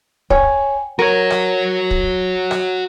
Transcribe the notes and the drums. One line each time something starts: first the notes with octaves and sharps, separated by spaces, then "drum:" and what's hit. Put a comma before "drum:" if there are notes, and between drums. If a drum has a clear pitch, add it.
C#5 G5 G#5, drum: kick
F#4 A#4 C#5 G#6 A#6 D#7
drum: rim click
drum: kick
drum: rim click